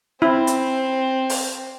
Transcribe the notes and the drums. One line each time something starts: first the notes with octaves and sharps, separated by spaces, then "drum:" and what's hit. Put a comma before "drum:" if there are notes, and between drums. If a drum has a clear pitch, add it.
C4 E4
drum: hi-hat
drum: open hi-hat